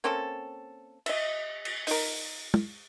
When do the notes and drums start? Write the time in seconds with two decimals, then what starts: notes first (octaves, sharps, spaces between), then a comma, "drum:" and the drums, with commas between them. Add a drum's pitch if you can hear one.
0.04 A#3 C4 C#4 A4
1.06 D#5 E5, drum: cymbal
1.65 drum: cymbal
1.87 D#4 A#4, drum: open hi-hat
2.54 drum: tom